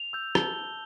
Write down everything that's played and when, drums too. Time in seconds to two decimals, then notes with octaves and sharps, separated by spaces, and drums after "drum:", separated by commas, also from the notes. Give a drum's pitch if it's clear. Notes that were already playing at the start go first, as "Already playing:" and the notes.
Already playing: F7
0.13 E6 G6
0.35 A5 G7, drum: rim click